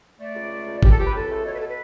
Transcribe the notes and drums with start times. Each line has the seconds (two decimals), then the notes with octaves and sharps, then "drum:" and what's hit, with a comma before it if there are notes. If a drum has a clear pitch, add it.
0.20 A3 D5
0.35 C#2
0.52 A3
0.67 C#2
0.83 C#2 G4, drum: kick G1
0.91 A4
0.98 C#2 G4
1.07 B4
1.14 C#2 A4
1.30 A3
1.45 B2 C#5
1.53 B4
1.60 A4
1.67 B4